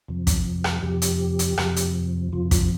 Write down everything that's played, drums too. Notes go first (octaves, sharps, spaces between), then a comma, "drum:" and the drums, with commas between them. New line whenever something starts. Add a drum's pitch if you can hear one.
F2 C3 F3
drum: kick, hi-hat
drum: rim click
F2 C3 F3 G4
drum: hi-hat
drum: hi-hat
F2 C3 F3, drum: rim click
drum: hi-hat
F2 C3 F3 F4
F4, drum: kick, hi-hat